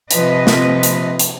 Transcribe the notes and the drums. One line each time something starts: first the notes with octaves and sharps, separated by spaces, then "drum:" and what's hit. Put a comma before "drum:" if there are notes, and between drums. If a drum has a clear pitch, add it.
C3 F3 C4 B4 D#5, drum: hi-hat
drum: snare
drum: hi-hat
drum: hi-hat